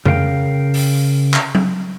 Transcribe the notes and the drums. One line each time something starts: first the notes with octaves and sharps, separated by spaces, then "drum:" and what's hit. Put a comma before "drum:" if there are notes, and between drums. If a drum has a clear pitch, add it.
C#3 A#4 F5 G5, drum: tom F2
drum: open hi-hat
drum: clap
drum: tom F#3